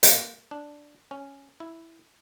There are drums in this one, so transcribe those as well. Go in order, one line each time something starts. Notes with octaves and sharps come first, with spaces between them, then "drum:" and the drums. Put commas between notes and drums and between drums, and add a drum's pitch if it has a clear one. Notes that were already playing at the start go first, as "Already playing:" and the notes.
A#3, drum: hi-hat
D4
C#4
E4